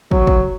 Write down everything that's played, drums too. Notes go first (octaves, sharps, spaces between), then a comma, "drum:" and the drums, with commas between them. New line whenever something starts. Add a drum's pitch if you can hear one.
F#3, drum: kick
drum: kick